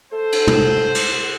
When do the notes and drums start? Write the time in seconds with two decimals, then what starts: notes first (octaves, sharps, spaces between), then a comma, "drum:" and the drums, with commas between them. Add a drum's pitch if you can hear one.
0.13 A4 C5
0.32 drum: cymbal
0.48 drum: tom
0.95 drum: cymbal